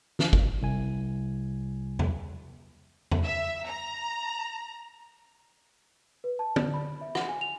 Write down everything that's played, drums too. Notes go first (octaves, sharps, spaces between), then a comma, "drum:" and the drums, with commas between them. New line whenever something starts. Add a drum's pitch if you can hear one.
drum: snare
drum: kick G1
C2 G#5
drum: tom E2
drum: tom E2
E5
A#5
B4
A5
D5, drum: tom
B5
E5
F#5, drum: rim click
G#5
F7